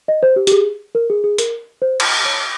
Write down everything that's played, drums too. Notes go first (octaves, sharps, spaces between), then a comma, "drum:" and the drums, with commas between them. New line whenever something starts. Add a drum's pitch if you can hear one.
D#5
C5
G4
G4, drum: hi-hat
G#4
A#4
G#4
G#4
A#4, drum: hi-hat
C5
drum: cymbal
C#5